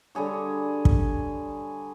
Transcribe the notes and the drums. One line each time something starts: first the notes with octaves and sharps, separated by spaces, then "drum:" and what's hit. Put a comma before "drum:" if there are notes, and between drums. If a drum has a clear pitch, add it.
D3 G3 G#4 C#5
drum: kick